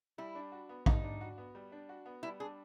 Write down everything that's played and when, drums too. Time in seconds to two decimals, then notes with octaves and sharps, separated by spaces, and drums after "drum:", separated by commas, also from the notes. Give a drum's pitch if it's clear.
0.18 G3 E4
0.35 D4
0.52 F#4
0.69 B3
0.86 G3 D#4, drum: kick A#1
1.04 D4
1.21 F#4
1.38 B3
1.55 G3
1.72 D4
1.89 F#4
2.06 B3
2.23 G3 E4
2.40 D4 G#4